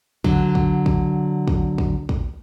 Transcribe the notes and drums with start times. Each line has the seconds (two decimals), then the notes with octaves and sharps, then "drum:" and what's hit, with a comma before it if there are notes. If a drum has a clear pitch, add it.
0.24 D3 F#3, drum: kick
0.55 drum: kick
0.86 drum: kick
1.48 drum: kick
1.78 drum: kick
2.09 drum: kick